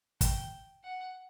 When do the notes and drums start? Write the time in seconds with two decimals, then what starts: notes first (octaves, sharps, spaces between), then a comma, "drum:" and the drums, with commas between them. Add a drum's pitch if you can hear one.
0.21 G5, drum: kick, hi-hat
0.84 F#5